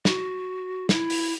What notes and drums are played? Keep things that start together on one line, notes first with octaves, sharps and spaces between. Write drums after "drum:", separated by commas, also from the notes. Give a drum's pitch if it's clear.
F#4, drum: snare
E4, drum: snare
drum: open hi-hat